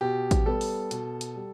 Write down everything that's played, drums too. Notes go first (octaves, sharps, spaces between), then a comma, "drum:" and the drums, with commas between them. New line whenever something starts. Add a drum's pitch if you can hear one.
B2 G4
drum: kick A1, hi-hat
G3 B3 A4
drum: open hi-hat
B2, drum: hi-hat
drum: hi-hat
G3